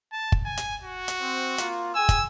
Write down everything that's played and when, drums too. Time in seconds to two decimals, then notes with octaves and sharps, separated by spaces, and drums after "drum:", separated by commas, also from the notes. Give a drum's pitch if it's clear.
0.12 A5
0.32 drum: kick
0.45 G#5
0.57 drum: hi-hat
0.83 F#4
1.08 drum: hi-hat
1.20 C4
1.58 A#3 F4, drum: hi-hat
1.95 G#4 G5 G#5 E6
2.09 drum: kick, hi-hat